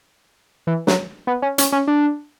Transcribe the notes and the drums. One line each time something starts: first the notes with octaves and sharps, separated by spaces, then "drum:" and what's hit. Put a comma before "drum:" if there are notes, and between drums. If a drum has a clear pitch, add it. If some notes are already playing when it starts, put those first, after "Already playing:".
E3
F#3, drum: snare
B3
C#4
C#4, drum: hi-hat
C#4
D4